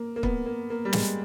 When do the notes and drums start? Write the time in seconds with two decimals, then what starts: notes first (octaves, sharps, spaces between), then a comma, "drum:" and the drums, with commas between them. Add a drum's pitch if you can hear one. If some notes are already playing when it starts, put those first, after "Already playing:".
Already playing: A#3
0.16 A#3
0.23 B3, drum: kick
0.46 A#3
0.70 A#3
0.85 G3
0.93 G#3, drum: snare